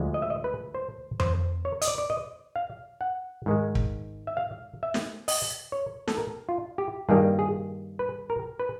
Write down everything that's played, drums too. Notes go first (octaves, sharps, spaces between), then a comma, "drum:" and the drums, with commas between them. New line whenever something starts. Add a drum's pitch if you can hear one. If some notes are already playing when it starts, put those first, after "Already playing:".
Already playing: D2 D3 F3 G#3
D#5
E5
D#5
B4
C5
C5, drum: tom F2
C#5
D#5, drum: hi-hat
D5
D5
D#5
F5
F#5
G#2 D#3 G#3
drum: kick
E5
F5
E5
drum: snare
D#5, drum: open hi-hat
C#5
A4, drum: snare
A#4
F4
G4
G2 D#3 G3 A#3 G#4
G#4
B4
A#4
B4